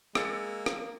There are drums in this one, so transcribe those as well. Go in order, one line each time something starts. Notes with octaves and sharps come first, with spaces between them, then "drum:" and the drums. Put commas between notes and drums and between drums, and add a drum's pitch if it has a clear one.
G#3 A#3 E6 A6 C#7, drum: rim click
drum: rim click